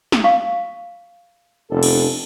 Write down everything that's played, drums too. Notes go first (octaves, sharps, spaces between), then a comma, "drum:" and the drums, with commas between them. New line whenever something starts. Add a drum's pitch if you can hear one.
drum: snare
F5 C#6
F1 B3 D4 A4
drum: cymbal